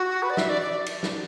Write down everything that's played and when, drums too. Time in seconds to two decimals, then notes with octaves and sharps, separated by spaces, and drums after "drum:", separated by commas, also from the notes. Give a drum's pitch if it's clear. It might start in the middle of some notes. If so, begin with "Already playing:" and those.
Already playing: F#4
0.23 B4
0.30 D5
0.37 E5, drum: snare
0.49 D5
0.62 D5
0.86 drum: cymbal
1.03 drum: snare